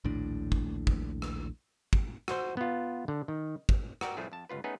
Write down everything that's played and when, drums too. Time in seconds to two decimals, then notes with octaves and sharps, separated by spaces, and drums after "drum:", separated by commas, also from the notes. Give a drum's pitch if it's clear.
0.04 A#1 D#2 A2 D4
0.52 drum: kick
0.87 drum: kick
1.22 drum: rim click
1.93 drum: kick
2.28 F#4 C5, drum: rim click
2.57 B3 F4
3.08 D3
3.28 D#3
3.69 drum: kick
4.01 F#4 A#4 D5 G5, drum: rim click
4.17 C2 A2 F3 A3 G#4
4.32 F2 A5
4.49 G1 C#2 F4 B4
4.64 A3 B3 C#4 D#4 G#4 B4